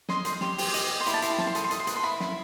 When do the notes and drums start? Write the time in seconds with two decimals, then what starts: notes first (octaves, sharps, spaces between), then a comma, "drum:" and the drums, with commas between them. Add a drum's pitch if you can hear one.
0.09 D#5 C6, drum: snare
0.25 C5 C6, drum: hi-hat
0.33 D#6
0.41 G4 C6, drum: snare
0.58 G4, drum: open hi-hat
0.74 D#5, drum: hi-hat
0.90 G4
1.00 C6
1.06 E4 B5, drum: hi-hat
1.14 A5
1.22 E4 C6, drum: hi-hat
1.30 B5
1.38 C5 A5, drum: snare
1.47 C6
1.55 A4 D#6, drum: hi-hat
1.64 C6
1.71 D#5 D#6, drum: hi-hat
1.80 C6
1.87 B4 D#6, drum: hi-hat
1.96 C6
2.03 E4 B5
2.20 E4, drum: snare